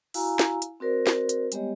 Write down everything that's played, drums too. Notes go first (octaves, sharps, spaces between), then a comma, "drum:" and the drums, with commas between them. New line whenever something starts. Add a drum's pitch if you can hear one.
E4 F#4 F5 G#5 A#5, drum: open hi-hat
drum: snare
drum: hi-hat
C4 F#4 A#4 C5 D5
drum: snare
drum: hi-hat
G3 G#3 B3 G4 C#5 D#5, drum: hi-hat